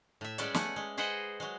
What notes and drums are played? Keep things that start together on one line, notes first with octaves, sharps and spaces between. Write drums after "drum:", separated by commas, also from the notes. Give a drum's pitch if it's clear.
A2 E5
G3 G#3 C#4 B4 D5 F#5, drum: hi-hat
A3 F#5 G#5, drum: snare
G#3
G#4 B4 C5 D#5 F#5
F#3 G#3